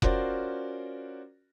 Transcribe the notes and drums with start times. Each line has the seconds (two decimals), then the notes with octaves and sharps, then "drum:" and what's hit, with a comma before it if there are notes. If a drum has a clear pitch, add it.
0.02 C#4 F4 F#4 A#4 C5 D5, drum: kick F1